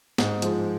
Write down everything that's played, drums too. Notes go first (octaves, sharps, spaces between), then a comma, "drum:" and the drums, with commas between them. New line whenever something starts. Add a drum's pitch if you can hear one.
G#2, drum: snare
F3 G#3, drum: hi-hat